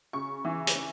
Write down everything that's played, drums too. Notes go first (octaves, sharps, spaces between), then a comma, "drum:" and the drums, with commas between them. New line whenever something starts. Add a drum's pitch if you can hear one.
C#3 C#6
E3
drum: hi-hat